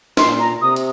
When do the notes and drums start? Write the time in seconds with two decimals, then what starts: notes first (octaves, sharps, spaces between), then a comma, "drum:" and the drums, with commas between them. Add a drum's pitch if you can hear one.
0.17 A#2 C6, drum: snare
0.40 A#5
0.61 C3 D#6
0.76 drum: hi-hat